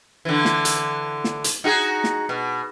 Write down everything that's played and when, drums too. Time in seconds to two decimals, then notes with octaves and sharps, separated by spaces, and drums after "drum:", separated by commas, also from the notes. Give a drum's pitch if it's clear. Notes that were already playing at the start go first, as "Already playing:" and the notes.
0.25 D3 E3
0.45 drum: snare
0.65 drum: hi-hat
1.24 drum: snare
1.44 drum: hi-hat
1.64 D#4 F#4 G#4
2.04 drum: snare
2.29 B2